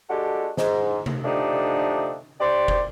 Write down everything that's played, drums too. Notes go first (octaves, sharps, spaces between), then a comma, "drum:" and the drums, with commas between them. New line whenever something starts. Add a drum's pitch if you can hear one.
G#3 D4 F#4 G4 A4
G#2, drum: snare
drum: tom C3
D3 F3 A3 D4 D#4 G4
D4 G4 C5 D5
drum: kick F#1